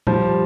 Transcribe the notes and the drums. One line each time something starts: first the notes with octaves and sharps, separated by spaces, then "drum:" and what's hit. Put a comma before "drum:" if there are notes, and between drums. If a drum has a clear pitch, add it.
F3 G3, drum: tom A#2